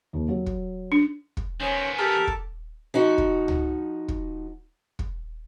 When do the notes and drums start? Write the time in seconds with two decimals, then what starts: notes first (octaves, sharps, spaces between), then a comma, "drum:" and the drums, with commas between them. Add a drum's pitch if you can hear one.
0.13 D#2
0.29 F#3
0.46 drum: kick
0.92 D4
1.37 drum: kick
1.61 D#3 B3 C#4 C5 C#5 G#5
1.98 G4 A4 A#4 A5 D6
2.27 drum: kick
2.94 F3 D#4 F#4
3.18 drum: kick
3.48 drum: tom C#2
4.08 drum: kick
4.99 drum: kick